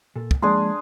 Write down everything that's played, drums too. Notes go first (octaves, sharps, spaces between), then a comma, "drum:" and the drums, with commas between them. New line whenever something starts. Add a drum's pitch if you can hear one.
A#2 A4
drum: kick
F3 G#3 A#3 D4 G#4 C6